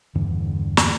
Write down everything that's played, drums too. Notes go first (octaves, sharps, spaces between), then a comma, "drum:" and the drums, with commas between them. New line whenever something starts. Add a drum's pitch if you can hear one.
E2 G2 D3 E3
drum: snare